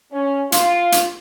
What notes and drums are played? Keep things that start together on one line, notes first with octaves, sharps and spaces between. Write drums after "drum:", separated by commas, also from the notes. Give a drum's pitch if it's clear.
C#4
F4, drum: hi-hat
drum: hi-hat